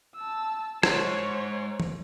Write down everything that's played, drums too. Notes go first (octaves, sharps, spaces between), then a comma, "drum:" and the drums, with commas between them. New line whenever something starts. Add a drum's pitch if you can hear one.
A5 E6
G#3 C5 C#5, drum: rim click
drum: tom